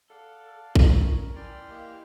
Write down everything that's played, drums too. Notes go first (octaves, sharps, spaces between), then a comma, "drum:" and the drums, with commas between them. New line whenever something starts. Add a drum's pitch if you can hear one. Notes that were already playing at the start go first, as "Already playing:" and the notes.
A4 D5 F5 F#5 A5
C#4 A#4 C#5, drum: kick A1
E4 D5 G5 G#5 C6 F6
A#3 G4 D#5